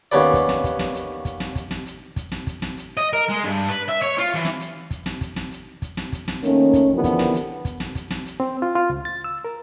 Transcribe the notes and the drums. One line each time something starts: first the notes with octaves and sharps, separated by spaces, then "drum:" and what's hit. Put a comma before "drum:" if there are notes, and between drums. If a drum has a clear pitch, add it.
D#2 B3 C#4 B4 D5
drum: kick, hi-hat
drum: snare
drum: kick, hi-hat
drum: snare
drum: hi-hat
drum: kick, hi-hat
drum: snare
drum: kick, hi-hat
drum: snare
drum: hi-hat
drum: kick, hi-hat
drum: snare
drum: kick, hi-hat
drum: snare
drum: hi-hat
D#5
A#4
G#3
G2
B4
E5
C#5
F4
E3
drum: snare
drum: hi-hat
drum: kick, hi-hat
drum: snare
drum: kick, hi-hat
drum: snare
drum: hi-hat
drum: kick, hi-hat
drum: snare
drum: kick, hi-hat
drum: snare
D#3 A3 A#3 C#4, drum: hi-hat
drum: kick, hi-hat
D3 E3 F3 B3 G4 A#4
drum: kick, hi-hat
drum: snare
drum: hi-hat
drum: kick, hi-hat
drum: snare
drum: kick, hi-hat
drum: snare
drum: hi-hat
C4
F4
F4
C#2
A6
E6
A#4